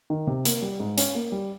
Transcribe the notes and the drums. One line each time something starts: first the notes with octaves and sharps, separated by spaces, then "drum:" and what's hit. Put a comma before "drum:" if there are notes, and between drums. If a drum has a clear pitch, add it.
D#3
C3
A#3, drum: hi-hat
G3
G#2
C#4, drum: hi-hat
A#3
G3